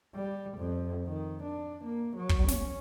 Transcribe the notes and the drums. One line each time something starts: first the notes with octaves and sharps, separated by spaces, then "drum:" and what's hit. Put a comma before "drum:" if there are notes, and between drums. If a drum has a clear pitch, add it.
G3
F2
D#3
D4
A#3
F#3
drum: kick
C#4, drum: snare